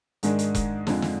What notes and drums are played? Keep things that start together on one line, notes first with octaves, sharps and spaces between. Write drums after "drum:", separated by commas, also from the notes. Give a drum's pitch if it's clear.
G#2 D#3 G#3 D4, drum: hi-hat
drum: hi-hat
drum: kick E1, hi-hat
F2 D3 G#3 D4 F4, drum: snare
drum: snare